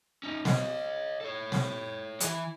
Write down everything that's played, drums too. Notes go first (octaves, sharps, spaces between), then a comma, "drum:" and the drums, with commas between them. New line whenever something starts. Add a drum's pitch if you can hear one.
C#4 D#4
C#5 D#5, drum: snare
A4 C#5
drum: snare
E3 E4, drum: hi-hat